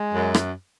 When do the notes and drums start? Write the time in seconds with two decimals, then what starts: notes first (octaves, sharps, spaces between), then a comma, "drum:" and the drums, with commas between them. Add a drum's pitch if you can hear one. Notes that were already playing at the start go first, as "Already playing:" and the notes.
Already playing: G#3
0.14 F#2
0.34 drum: rim click